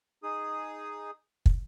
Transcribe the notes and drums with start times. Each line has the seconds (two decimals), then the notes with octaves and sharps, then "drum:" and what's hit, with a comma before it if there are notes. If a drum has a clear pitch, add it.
0.23 D#4 G#4 D#6
1.46 drum: kick